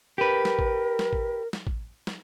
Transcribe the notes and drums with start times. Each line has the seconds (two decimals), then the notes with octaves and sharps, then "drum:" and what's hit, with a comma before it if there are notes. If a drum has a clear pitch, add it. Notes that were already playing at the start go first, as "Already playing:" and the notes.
0.18 G4 A#4 B4
0.45 drum: snare
0.59 drum: kick
0.99 drum: snare
1.13 drum: kick
1.53 drum: snare
1.67 drum: kick
2.07 drum: snare